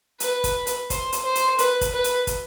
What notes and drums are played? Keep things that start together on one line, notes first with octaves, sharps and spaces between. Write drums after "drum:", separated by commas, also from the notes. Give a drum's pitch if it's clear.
B4, drum: hi-hat
drum: kick, hi-hat
drum: hi-hat
C5, drum: kick, hi-hat
drum: hi-hat
C5
drum: hi-hat
B4, drum: hi-hat
drum: kick, hi-hat
B4
drum: hi-hat
drum: kick, hi-hat